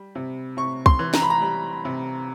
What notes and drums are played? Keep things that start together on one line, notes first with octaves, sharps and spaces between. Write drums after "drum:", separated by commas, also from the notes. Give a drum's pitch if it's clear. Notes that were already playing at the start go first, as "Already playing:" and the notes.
Already playing: G3
C3
C3 C#6
C6, drum: kick C2
E3
A#5, drum: snare
B5
A#5
G3
C3